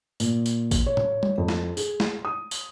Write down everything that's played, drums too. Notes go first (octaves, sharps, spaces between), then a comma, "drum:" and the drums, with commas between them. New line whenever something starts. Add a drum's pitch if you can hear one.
A#2, drum: tambourine
drum: tambourine
drum: kick A1, tambourine
C#5
drum: tom A2
drum: tom G3
F2
drum: snare
G#4, drum: tambourine
drum: snare
D#6
drum: tambourine